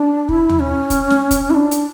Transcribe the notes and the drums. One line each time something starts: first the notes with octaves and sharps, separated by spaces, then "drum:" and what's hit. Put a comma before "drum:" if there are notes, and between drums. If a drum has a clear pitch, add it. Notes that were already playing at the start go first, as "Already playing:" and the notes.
Already playing: D4
E4, drum: kick
drum: tom D#2
C#4
drum: kick, hi-hat
drum: snare
drum: kick, hi-hat
E4
D4
drum: hi-hat